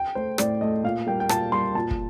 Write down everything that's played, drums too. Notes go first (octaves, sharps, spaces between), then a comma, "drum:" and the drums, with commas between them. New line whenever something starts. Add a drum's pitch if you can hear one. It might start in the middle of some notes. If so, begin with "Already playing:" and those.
Already playing: G5
A3 C5
A2 D5, drum: rim click
A3 D#5
A#2 F5
G3 A#3 G5
G5
A#2 A5, drum: rim click
G3 A#3 C6
A#2 A5
drum: kick